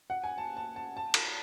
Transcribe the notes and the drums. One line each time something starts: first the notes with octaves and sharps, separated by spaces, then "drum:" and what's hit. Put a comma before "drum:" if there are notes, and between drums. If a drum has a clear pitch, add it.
F#5
G#5
A5
A5
A5
A5
drum: cymbal